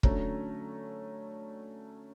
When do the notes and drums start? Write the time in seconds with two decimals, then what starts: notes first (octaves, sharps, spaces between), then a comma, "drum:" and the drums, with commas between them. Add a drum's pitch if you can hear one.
0.03 D3 F#3 A3 C#4 A#5, drum: kick